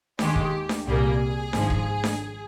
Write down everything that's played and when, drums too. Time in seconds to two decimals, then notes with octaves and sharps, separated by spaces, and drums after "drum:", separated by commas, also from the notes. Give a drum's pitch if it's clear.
0.19 D#2 D#3 G#3 G4, drum: snare D4
0.36 drum: kick
0.69 drum: snare D4
0.86 C2 A#2 G3 A#3 G#4
1.53 G#1 G#2 F3, drum: snare D4
1.70 drum: kick
2.04 drum: snare D4